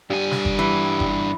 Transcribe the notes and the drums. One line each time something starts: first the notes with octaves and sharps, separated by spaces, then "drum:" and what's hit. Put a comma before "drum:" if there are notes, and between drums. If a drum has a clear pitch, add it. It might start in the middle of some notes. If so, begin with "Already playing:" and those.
G2 G3 G#5
drum: snare
drum: kick F#1
E3 B5
drum: kick F#1